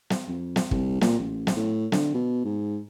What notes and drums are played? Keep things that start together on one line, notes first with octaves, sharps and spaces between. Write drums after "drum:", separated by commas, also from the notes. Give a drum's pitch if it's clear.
drum: snare
F2
drum: snare
C2, drum: kick
A#2, drum: snare
A1
drum: snare
A2
D3, drum: snare
B2
G#2